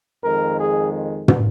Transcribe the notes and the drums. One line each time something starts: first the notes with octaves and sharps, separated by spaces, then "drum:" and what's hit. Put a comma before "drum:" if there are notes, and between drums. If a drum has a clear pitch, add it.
F2 D#3 G#3 A#4
G#4
drum: tom